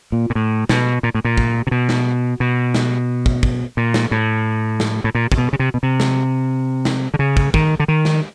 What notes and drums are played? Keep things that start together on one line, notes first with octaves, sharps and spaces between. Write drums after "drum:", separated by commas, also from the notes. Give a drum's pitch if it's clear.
A#2
A#2
A2
B2, drum: snare
A#2
A2
A#2
drum: kick
C3
B2
drum: snare
B2
drum: snare
drum: kick
drum: kick
A#2
drum: snare
A2
drum: snare
A2
A#2
C3, drum: kick
B2
C#3
C3
B2
C3
drum: snare
drum: snare
D3
C#3
drum: kick
D#3, drum: kick
D3
D#3
drum: snare